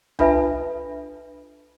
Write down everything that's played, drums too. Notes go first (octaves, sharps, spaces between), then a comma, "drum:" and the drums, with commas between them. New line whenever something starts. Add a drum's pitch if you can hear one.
D4 F4 A4 B4 E5 A5, drum: tom C2